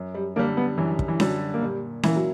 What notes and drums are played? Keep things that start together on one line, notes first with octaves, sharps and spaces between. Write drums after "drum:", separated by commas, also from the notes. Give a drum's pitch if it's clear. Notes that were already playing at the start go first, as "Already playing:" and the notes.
Already playing: F#2
G3
D3 G3 A#3
B3
F#2 E3
drum: kick
E3
D3 F#3 G3, drum: snare C#4
A#3
A#2 G3
E3 A#3 E4, drum: snare C#4
F#3